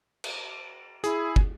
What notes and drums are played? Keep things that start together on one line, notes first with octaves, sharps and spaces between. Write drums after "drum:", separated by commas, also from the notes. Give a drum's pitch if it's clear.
drum: cymbal
E4 G#4, drum: hi-hat
drum: kick